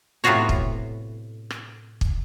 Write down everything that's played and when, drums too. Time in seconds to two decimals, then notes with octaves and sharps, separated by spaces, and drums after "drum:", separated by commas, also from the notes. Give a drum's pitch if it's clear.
0.24 A2 C3 B3 F4 F#4 C#5
0.49 drum: kick
1.50 drum: rim click
2.01 drum: kick